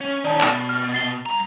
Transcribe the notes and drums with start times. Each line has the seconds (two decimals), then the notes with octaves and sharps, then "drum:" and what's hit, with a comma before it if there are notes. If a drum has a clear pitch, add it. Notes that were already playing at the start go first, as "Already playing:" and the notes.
0.01 C#4
0.24 D#3 C#4 D5 A5
0.41 B2, drum: clap
0.69 F6
0.92 A6 C7 G7
1.04 drum: hi-hat
1.26 G2 A#5